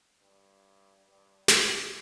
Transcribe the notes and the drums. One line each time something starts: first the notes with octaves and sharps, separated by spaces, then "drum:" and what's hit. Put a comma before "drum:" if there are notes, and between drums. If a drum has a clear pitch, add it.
G2
G2
A2, drum: snare